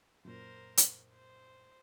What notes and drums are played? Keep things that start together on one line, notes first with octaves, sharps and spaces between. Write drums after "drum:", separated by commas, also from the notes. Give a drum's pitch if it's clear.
F#2 A#2 A#4 C5
drum: hi-hat
C5